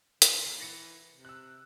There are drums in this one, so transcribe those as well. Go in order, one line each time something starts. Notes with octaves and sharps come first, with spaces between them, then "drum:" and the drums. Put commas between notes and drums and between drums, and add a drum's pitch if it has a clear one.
D3 F#5 C6, drum: hi-hat
D#2 C7 F7
E3 A6 A#6 C#7
C3
E6 F#6